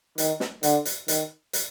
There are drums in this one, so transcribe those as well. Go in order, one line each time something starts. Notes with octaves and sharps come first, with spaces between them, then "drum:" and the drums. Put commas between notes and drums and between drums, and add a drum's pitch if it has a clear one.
D#3, drum: hi-hat
drum: snare
D3, drum: hi-hat
drum: hi-hat
D#3, drum: hi-hat
drum: hi-hat